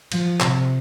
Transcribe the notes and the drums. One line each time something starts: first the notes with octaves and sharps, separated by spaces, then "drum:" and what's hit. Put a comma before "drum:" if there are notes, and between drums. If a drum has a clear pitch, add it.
F3, drum: cymbal
C3, drum: clap